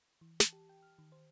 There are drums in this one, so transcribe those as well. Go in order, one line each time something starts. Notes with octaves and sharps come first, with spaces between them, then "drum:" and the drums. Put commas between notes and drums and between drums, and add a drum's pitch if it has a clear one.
E3
A5, drum: snare
G4
G5
F6
D#3
C5